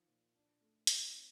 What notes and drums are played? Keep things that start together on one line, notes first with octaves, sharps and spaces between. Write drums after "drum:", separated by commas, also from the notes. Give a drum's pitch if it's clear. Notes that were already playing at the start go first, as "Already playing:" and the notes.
Already playing: D#3 F3
A#2
D4
A3
D#4, drum: hi-hat
C4